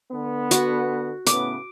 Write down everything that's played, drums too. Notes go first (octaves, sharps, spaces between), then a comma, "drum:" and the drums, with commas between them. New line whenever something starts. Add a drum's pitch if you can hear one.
D3 B3
F#4, drum: hi-hat
A2 C#3 B3 D6, drum: hi-hat